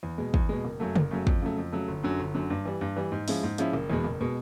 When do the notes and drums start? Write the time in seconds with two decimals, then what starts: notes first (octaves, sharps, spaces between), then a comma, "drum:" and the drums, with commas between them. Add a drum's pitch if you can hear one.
0.03 E2
0.18 B2 G#3
0.34 E2, drum: kick
0.49 B2 G#3
0.65 F#1
0.80 F#2 C#3 F#3 A3
0.96 F#1, drum: tom C#3
1.11 F#2 C#3 F#3 A3
1.27 F2, drum: kick
1.42 C#3 F#3 A3
1.58 F2
1.72 C#3 F#3 A3
1.88 G1
2.03 F#2 D3 F#3
2.20 G1
2.35 F#2 D3 F#3
2.50 G2
2.65 E3 G3
2.81 G2
2.96 E3 G3
3.12 G#2
3.28 F3 G#3 C#4 E4, drum: open hi-hat
3.43 G#2
3.58 F3 G#3 C#4 E4, drum: hi-hat
3.73 F#1
3.90 E2 B2 G#3
4.04 F#1
4.21 B2 G#3